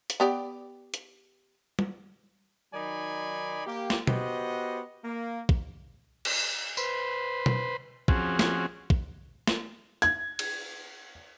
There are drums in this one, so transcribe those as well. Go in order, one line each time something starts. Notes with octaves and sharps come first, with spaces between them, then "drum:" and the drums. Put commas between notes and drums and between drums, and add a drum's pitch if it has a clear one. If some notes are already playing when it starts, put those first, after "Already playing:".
drum: hi-hat
B3 G4 D5
drum: hi-hat
drum: tom
D#3 F#3 D#4 D5 G#5 B5
A#3 G4
drum: snare
B3 F#4 G4 C5 D#5, drum: tom B2
A#3
drum: kick
drum: cymbal
B4 C5, drum: tambourine
drum: tom B2
F3 C4 C#4 F#4 G#4, drum: kick
drum: snare
drum: kick
drum: snare
G#6, drum: hi-hat
drum: cymbal